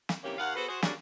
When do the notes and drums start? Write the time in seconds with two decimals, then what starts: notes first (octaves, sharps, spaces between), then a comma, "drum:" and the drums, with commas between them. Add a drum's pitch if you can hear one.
0.09 drum: snare
0.24 C3 D#3 E3 A#3 C#4 G4
0.38 D#2 F5 F#5
0.56 B3 F#4 G#4 A4 B4 C5
0.69 F#4 G#4 C5
0.82 F#3 G3 A#3 C#4 D4 G#4, drum: snare